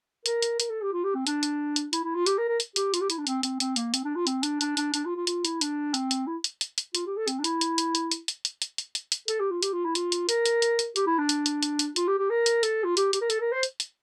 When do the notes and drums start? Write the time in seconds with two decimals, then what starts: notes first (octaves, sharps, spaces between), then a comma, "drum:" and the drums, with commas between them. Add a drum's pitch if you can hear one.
0.26 A#4, drum: hi-hat
0.42 drum: hi-hat
0.60 A#4, drum: hi-hat
0.70 A4
0.82 G4
0.92 F4
1.04 G4
1.15 C4
1.27 D4, drum: hi-hat
1.43 drum: hi-hat
1.76 drum: hi-hat
1.93 E4, drum: hi-hat
2.04 E4
2.15 F4
2.26 G4, drum: hi-hat
2.38 A#4
2.48 A#4
2.60 drum: hi-hat
2.76 G4, drum: hi-hat
2.94 F4, drum: hi-hat
3.01 G4
3.10 E4, drum: hi-hat
3.18 D4
3.27 C4, drum: hi-hat
3.43 C4, drum: hi-hat
3.60 C4, drum: hi-hat
3.76 A#3, drum: hi-hat
3.94 C4, drum: hi-hat
4.04 D4
4.15 F4
4.27 C4, drum: hi-hat
4.43 D4, drum: hi-hat
4.61 D4, drum: hi-hat
4.77 D4, drum: hi-hat
4.94 D4, drum: hi-hat
5.05 F4
5.16 F4
5.27 F4, drum: hi-hat
5.45 E4, drum: hi-hat
5.61 D4, drum: hi-hat
5.94 C4, drum: hi-hat
6.11 drum: hi-hat
6.27 E4
6.44 drum: hi-hat
6.61 drum: hi-hat
6.78 drum: hi-hat
6.95 F4, drum: hi-hat
7.06 G4
7.17 A4
7.28 C4, drum: hi-hat
7.39 D4
7.44 E4, drum: hi-hat
7.61 drum: hi-hat
7.78 drum: hi-hat
7.95 drum: hi-hat
8.11 drum: hi-hat
8.28 drum: hi-hat
8.45 drum: hi-hat
8.62 drum: hi-hat
8.78 drum: hi-hat
8.95 drum: hi-hat
9.12 drum: hi-hat
9.28 A4, drum: hi-hat
9.40 G4
9.51 F4
9.63 G4, drum: hi-hat
9.73 F4
9.85 E4
9.95 F4, drum: hi-hat
10.12 drum: hi-hat
10.29 A#4, drum: hi-hat
10.46 drum: hi-hat
10.62 drum: hi-hat
10.79 drum: hi-hat
10.96 G4, drum: hi-hat
11.07 E4
11.18 D4
11.29 drum: hi-hat
11.46 drum: hi-hat
11.63 drum: hi-hat
11.79 drum: hi-hat
11.96 F4, drum: hi-hat
12.08 G4
12.19 G4
12.30 A#4
12.46 drum: hi-hat
12.63 A4, drum: hi-hat
12.84 F4
12.97 G4, drum: hi-hat
13.13 G4, drum: hi-hat
13.21 A#4
13.30 A4, drum: hi-hat
13.41 A#4
13.52 C5
13.63 drum: hi-hat
13.80 drum: hi-hat